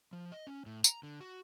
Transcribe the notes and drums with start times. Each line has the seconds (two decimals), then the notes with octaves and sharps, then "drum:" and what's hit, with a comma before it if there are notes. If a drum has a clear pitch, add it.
0.13 F3
0.32 D#5
0.47 C#4
0.66 A2
0.84 A#5, drum: tambourine
1.03 D3
1.21 F#4